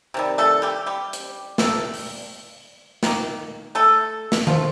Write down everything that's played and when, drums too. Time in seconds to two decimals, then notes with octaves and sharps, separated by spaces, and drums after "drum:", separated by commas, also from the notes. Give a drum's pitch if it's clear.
0.14 C3 D#3 G3
0.38 A3 A4
0.62 G3 G4
0.86 G3 G4
1.13 drum: hi-hat
1.58 C3 G3 A3 A#3 A4, drum: snare
1.94 drum: open hi-hat
3.03 D#3 A#3, drum: snare
3.75 A3 A4
4.32 drum: snare
4.47 D#3 F3 A3 F4, drum: tom D#3